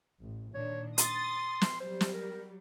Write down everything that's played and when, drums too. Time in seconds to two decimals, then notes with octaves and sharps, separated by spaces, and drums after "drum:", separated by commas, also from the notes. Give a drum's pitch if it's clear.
0.23 A1
0.54 A#2 D#3 D4 C#5
0.98 C6 D#6 A6, drum: hi-hat
1.61 drum: snare
1.81 F#3 G3 C5
2.01 drum: snare
2.14 A#4